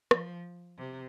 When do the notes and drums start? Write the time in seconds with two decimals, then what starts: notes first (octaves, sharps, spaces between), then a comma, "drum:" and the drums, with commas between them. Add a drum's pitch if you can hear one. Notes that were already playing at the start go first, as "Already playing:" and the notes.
0.11 F3, drum: rim click
0.78 C3